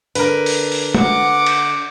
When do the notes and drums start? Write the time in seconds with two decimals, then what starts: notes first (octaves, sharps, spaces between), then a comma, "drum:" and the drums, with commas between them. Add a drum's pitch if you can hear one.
0.15 D3 A#4 B4, drum: hi-hat
0.46 drum: open hi-hat
0.72 drum: open hi-hat
0.94 F#5 D6, drum: tom
1.46 drum: cymbal